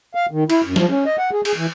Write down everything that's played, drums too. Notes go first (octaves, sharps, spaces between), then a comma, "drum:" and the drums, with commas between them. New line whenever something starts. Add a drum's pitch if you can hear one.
F5
D#3
E4, drum: cymbal
F#2
F3, drum: snare
C#4
D#5
F#5
G#4
G#4, drum: cymbal
E3